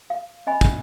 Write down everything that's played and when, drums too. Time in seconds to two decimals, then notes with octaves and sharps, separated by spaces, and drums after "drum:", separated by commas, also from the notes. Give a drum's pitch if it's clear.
0.10 F5
0.47 C#4 D#5 G#5 B5
0.61 drum: kick, tambourine